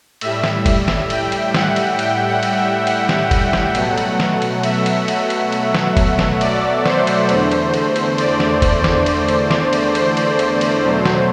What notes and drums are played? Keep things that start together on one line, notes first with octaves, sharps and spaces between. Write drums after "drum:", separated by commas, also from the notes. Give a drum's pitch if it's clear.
A2 G3 E5, drum: cymbal
drum: snare
drum: kick F1, cymbal
drum: snare
G5, drum: cymbal
drum: cymbal
F#5, drum: snare
drum: cymbal
G5, drum: cymbal
F#5
drum: cymbal
E5
F#5, drum: cymbal
drum: snare
drum: kick F1, cymbal
drum: snare
B2 F#3 A3, drum: cymbal
drum: cymbal
drum: snare
drum: cymbal
E5, drum: cymbal
drum: cymbal
drum: cymbal
drum: cymbal
drum: cymbal
drum: snare
drum: kick F1, cymbal
drum: snare
D5, drum: cymbal
C5, drum: snare
drum: cymbal
E2 D3 A3, drum: cymbal
drum: cymbal
drum: cymbal
drum: cymbal
D5, drum: cymbal
drum: snare
drum: kick F1, cymbal
drum: snare
drum: cymbal
drum: cymbal
drum: snare
drum: cymbal
C5, drum: cymbal
drum: cymbal
drum: cymbal
drum: cymbal
B2 F#3 A3
drum: snare